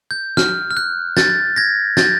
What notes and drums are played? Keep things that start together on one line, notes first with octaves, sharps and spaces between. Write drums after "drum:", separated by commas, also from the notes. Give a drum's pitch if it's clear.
G6
F6, drum: snare
F6
F#6
G6 A6, drum: snare
G#6 A#6
G6 A6, drum: snare